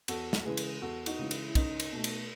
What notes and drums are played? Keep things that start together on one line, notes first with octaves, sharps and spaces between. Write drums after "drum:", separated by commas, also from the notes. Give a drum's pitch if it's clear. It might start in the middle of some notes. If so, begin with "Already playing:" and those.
E2 F#4 A4, drum: cymbal
drum: snare
C#3 E3 G#3 G#4 B4
drum: cymbal
E2 F#4 A4
D#4 F#4, drum: cymbal
C#3 E3 G#3
E4, drum: cymbal
E4
C#2 D#4, drum: kick, cymbal
drum: cymbal
B2 A3
drum: cymbal